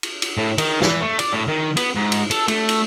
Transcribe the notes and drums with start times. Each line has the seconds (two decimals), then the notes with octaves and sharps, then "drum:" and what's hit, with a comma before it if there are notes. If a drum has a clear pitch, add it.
0.03 drum: cymbal
0.22 drum: cymbal
0.38 A2
0.58 D#3, drum: cymbal
0.82 E3, drum: snare
1.02 A3
1.19 D5, drum: cymbal
1.33 A2
1.48 D#3
1.77 B3, drum: cymbal
1.96 G#2
2.12 drum: cymbal
2.31 A4, drum: cymbal
2.48 A3, drum: cymbal
2.69 drum: cymbal